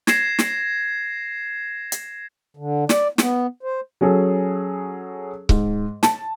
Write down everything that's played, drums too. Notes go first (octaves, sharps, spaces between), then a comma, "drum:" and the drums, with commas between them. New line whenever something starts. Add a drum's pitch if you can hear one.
G#6 A#6 C7 E7, drum: snare
drum: snare
drum: hi-hat
D3
D5, drum: snare
B3, drum: snare
C5
F#3 C#4 G#4 A4
G#2, drum: kick C#1
A5, drum: snare